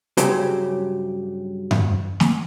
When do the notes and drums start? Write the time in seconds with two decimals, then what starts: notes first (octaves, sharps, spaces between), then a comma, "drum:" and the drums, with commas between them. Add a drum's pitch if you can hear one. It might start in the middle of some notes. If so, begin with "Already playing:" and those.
0.17 G2 C#3 F#3 G4 C5, drum: hi-hat
1.71 drum: tom F#2
2.20 drum: snare